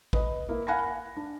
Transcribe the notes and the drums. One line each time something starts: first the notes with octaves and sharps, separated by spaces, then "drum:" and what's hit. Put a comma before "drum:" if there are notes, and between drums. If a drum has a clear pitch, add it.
B4 D#5, drum: kick
A#3 E4
F5 F#5 G#5 B5 A#6
F#5
D4